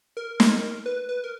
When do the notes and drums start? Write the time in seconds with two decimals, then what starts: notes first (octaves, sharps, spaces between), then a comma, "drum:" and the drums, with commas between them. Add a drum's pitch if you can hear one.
0.17 A#4
0.40 drum: snare
0.86 B4
1.09 B4
1.24 A#4